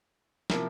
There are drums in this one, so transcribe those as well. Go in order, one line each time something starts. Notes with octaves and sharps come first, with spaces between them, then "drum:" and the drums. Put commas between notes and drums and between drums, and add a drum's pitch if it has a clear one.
C3 F3 A#3 E4 A#4, drum: snare